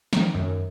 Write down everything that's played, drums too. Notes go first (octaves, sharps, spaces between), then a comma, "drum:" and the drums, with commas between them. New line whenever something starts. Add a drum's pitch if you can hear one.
D#3, drum: snare
F#2